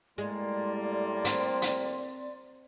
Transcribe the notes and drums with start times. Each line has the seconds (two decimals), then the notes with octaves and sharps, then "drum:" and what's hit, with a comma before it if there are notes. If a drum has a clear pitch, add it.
0.18 A2 G3 G#3 A#3 D5 C6
1.25 C4, drum: hi-hat
1.62 drum: hi-hat